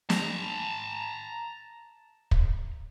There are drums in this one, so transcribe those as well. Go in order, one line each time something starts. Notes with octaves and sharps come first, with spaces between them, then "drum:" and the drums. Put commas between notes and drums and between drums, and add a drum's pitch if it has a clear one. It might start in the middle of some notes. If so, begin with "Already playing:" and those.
A5 A#5, drum: snare
drum: kick